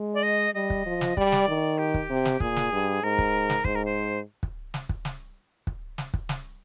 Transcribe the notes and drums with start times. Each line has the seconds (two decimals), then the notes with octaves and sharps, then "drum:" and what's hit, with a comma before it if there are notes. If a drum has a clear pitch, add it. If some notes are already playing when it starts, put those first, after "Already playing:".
Already playing: G#3
0.14 D5
0.23 D#5
0.54 G3 D#5
0.70 drum: kick
0.86 F3
1.01 drum: snare
1.17 G3 D5, drum: kick
1.32 drum: snare
1.48 D#3
1.78 G4
1.94 drum: kick
2.10 C3
2.25 drum: snare
2.40 A#2 G#4, drum: kick
2.56 drum: snare
2.72 G2
3.03 G#2 A#4
3.19 drum: kick
3.50 drum: snare
3.65 G#2 C5, drum: kick
3.75 A#4
3.85 C5
4.43 drum: kick
4.74 drum: snare
4.89 drum: kick
5.05 drum: snare
5.67 drum: kick
5.98 drum: snare
6.14 drum: kick
6.29 drum: snare